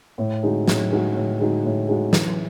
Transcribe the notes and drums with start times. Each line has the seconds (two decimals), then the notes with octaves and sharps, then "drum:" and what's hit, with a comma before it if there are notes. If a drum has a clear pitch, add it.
0.18 A2
0.43 G#3 D#4 F#4
0.68 A2, drum: snare
0.91 G#3 D#4 F#4
1.15 A2
1.40 G#3 D#4 F#4
1.65 A2
1.89 G#3 D#4 F#4
2.13 E3, drum: snare